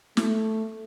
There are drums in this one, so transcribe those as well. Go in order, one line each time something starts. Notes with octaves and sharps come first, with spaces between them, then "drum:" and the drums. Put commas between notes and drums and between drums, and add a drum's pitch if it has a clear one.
A3, drum: snare